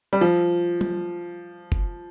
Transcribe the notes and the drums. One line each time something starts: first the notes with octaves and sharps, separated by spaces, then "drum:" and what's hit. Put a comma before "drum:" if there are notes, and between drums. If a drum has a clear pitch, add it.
G3
F3
drum: tom F#3
drum: kick